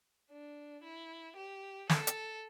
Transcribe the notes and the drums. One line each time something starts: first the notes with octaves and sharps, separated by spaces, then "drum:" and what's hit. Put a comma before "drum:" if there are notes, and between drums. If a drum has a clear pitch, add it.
D4
E4
G4
A4, drum: snare
drum: hi-hat